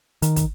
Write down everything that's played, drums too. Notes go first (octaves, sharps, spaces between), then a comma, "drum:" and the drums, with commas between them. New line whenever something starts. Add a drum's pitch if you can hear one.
D#3, drum: hi-hat
drum: kick, hi-hat